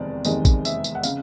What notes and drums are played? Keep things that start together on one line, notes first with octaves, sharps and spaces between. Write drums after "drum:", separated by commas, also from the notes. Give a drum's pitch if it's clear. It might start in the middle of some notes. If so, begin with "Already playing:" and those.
Already playing: F1 E2 C3 D#3 G#3 D5
F1 E2 C3 D#3 G#3 D#5, drum: tambourine
drum: kick A1, tambourine
E5, drum: tambourine
drum: tambourine
F#5
C#3 F5, drum: tambourine